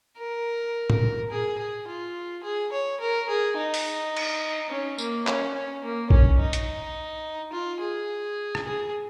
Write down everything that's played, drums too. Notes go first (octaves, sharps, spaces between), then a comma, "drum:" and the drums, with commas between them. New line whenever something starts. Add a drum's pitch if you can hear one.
A#4
drum: tom A2
G#4
G#4
F4
G#4
C#5
A#4
G#4
D#4
drum: open hi-hat
drum: cymbal
C#4
A#3, drum: tambourine
C#4, drum: clap
C#4
A#3
C#4, drum: kick A#1
D#4
drum: hi-hat
F4
G#4
drum: rim click
G#4